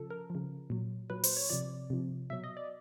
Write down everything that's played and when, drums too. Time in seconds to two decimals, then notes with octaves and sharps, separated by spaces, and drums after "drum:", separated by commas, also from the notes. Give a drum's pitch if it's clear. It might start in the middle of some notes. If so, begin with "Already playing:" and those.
Already playing: C#3 F3 A4
0.10 A#4
0.30 C#3 F3
0.70 A#2 F#3
1.10 A#2 F#3 B4
1.24 C5, drum: open hi-hat
1.37 C#5
1.50 C3 F3 D5
1.90 C3 F3
2.30 B2 F#3 E5
2.44 D#5
2.57 D5